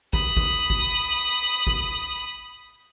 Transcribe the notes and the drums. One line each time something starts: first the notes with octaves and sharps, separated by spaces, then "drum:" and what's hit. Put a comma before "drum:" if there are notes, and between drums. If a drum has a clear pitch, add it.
B5 D#6, drum: kick G#1
drum: kick G#1
drum: kick G#1
drum: kick G#1